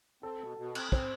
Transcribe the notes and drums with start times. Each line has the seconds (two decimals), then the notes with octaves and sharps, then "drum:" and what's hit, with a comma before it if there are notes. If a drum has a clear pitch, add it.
0.23 C4 A4
0.41 B2
0.57 B2
0.75 C4, drum: cymbal
0.92 C4 C5, drum: kick